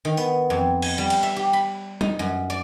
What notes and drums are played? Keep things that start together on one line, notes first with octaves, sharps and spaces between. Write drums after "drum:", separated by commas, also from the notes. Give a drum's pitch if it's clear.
D#3
B3, drum: tambourine
F2
G#5, drum: cymbal
G3
drum: cymbal
E5
G4
B5
D#4, drum: tom
F#2
D5